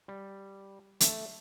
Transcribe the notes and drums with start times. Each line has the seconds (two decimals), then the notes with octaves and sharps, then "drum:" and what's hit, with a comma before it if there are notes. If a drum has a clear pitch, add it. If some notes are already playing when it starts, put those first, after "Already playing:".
0.08 G3
1.00 A3, drum: hi-hat